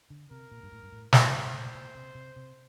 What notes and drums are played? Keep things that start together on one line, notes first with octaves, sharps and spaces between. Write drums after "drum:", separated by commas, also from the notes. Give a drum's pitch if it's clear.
D3
C3 A#4
A#2
G2
A2
G2
A2
G2 C5, drum: snare
G2
A2
A2
A#2
C3
C3
C3